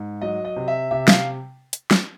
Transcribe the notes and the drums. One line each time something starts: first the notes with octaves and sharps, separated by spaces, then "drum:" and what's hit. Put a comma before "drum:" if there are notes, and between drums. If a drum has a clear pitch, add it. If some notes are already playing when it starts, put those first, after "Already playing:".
Already playing: G#2
F#3 D#5
D#5
C3
E5
C3 E5
F5, drum: snare
drum: hi-hat
drum: snare